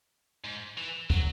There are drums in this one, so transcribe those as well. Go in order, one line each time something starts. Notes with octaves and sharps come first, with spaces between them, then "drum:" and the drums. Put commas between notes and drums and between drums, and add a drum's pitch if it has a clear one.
G#2
E3
F#3, drum: kick